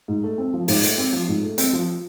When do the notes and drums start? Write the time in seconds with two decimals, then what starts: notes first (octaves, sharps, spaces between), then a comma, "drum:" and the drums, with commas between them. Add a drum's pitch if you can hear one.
0.08 G#2
0.23 A3
0.38 C4
0.53 F3
0.68 G#2, drum: open hi-hat
0.83 A3, drum: hi-hat
0.98 C4
1.13 F3
1.28 G#2
1.43 A3
1.58 C4, drum: hi-hat
1.73 F3